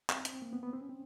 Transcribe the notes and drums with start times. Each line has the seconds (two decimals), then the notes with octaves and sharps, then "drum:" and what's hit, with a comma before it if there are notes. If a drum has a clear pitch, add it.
0.10 C4, drum: clap
0.25 C4, drum: hi-hat
0.42 A#3
0.53 B3
0.63 B3
0.73 C4
0.81 C#4
0.89 C4